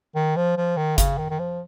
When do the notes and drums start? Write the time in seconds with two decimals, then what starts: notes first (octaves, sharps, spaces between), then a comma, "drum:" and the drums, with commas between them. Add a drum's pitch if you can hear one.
0.15 D#3
0.36 F3
0.57 F3
0.77 D#3
0.98 C#3, drum: kick G1, hi-hat
1.18 D#3
1.30 D#3
1.39 F3